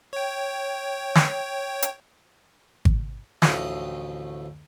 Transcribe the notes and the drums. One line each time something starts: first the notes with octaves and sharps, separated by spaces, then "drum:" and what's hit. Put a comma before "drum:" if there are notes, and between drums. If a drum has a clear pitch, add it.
C#5 G5
drum: snare
drum: hi-hat
drum: kick G#1
A1 D2 A2 F3 D#5, drum: snare